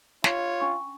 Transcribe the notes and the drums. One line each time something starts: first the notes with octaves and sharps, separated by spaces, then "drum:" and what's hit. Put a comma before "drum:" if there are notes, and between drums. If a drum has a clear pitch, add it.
F4 C#5, drum: snare
C#4 D4 C#6